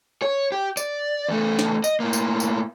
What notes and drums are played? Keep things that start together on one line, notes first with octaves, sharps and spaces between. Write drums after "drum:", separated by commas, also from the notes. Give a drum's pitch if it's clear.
C#5
G4
D5, drum: tambourine
E2 A3
drum: snare
D#5, drum: tambourine
A2 A#3
drum: tambourine
drum: tambourine